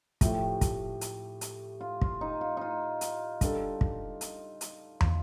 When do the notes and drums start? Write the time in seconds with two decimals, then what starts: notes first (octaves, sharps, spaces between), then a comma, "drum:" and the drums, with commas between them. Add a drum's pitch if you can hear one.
0.21 A2 F3 A3 G4, drum: kick, hi-hat
0.61 drum: kick, hi-hat
1.01 drum: hi-hat
1.41 drum: hi-hat
1.81 F4
2.01 F4, drum: kick
2.21 D#4
2.41 F4
2.57 D#4 F4
3.01 drum: hi-hat
3.41 G3 D4 A4, drum: kick, hi-hat
3.81 drum: kick
4.21 drum: hi-hat
4.61 drum: hi-hat
5.01 F4, drum: tom